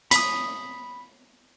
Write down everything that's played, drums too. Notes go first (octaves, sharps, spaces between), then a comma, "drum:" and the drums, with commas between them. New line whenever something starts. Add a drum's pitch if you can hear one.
B5 D#6, drum: hi-hat